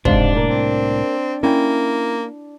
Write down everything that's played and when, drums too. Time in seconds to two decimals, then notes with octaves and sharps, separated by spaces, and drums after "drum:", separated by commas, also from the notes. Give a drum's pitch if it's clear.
0.05 C#2 G#2 C3 D4 C5 F5, drum: kick
0.35 C2 A2 A#3 A#4
0.48 C4
1.43 A#3 C#4 E4 G5